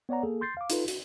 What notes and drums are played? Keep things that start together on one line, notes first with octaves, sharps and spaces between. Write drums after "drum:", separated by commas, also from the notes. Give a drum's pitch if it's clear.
B3 C#5 D5 F#5 A#5
A#3 G#4 A4
C6 G6 A6 C7
F5 D6
D#4 F4 A4 B4, drum: hi-hat
F#4, drum: hi-hat